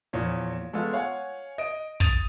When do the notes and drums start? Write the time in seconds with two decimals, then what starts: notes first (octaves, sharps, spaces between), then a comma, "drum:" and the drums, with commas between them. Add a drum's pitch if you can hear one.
0.13 E2 A#2 F3 C#5
0.73 G#3 A3 B3 F4
0.93 C#5 F5 F#5 G#5
1.58 D#5 D7
2.00 D#6 A6 D#7 F7, drum: kick